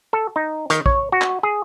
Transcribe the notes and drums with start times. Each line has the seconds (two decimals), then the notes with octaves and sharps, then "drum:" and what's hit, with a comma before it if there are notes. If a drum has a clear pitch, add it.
0.13 A4
0.36 D#4
0.70 D#3, drum: hi-hat
0.86 C#5, drum: kick
1.12 F#4
1.21 drum: clap
1.43 G#4